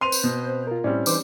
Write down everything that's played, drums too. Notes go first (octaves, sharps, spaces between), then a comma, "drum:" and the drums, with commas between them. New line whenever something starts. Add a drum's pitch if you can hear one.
C4 B4 C5 C6 D#7 F7
drum: tambourine
B2
F4 A#4
A2 G3 C4 C#4 E4 D5
E3 D#4 C5 D6, drum: tambourine